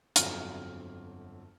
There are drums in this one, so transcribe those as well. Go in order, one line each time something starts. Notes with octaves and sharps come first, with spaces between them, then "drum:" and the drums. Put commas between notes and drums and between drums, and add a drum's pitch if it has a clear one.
G1 F2 F#3 C4 F6, drum: hi-hat